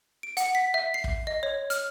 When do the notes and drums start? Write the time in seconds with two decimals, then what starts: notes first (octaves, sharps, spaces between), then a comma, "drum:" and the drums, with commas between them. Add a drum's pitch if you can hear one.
0.23 D7
0.37 F#5, drum: hi-hat
0.55 B6
0.74 E5
0.94 C7
1.04 drum: kick
1.27 D#5
1.43 C#5
1.70 F6, drum: hi-hat